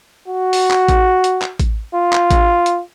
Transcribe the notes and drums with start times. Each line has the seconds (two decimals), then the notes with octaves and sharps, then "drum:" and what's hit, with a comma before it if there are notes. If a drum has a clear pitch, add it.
0.28 F#4
0.53 drum: open hi-hat
0.71 drum: clap
0.88 drum: kick A1, hi-hat
1.24 drum: hi-hat
1.42 drum: clap
1.60 drum: kick A1, hi-hat
1.95 F4
2.13 drum: clap
2.31 drum: kick A1, hi-hat
2.66 drum: hi-hat